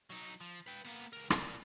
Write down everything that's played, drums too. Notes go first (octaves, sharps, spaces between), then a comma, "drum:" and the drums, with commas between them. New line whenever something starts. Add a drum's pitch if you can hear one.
F#3 D#4
F3
B4 G5
A#3 B3
C#2 A#4
A#4 D5, drum: rim click